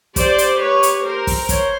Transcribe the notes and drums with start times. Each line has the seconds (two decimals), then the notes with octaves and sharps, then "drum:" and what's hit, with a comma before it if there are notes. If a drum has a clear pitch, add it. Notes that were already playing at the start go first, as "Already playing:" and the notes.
0.16 G4 C5 D5, drum: kick, hi-hat
0.38 drum: hi-hat
0.60 B4 C#5
0.83 drum: hi-hat
1.05 A#4 C5
1.27 drum: kick, open hi-hat
1.49 C5 C#5, drum: kick, hi-hat